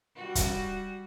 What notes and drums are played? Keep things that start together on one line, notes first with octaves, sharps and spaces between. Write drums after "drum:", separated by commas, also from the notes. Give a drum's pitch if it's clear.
G3 F#4
drum: kick, hi-hat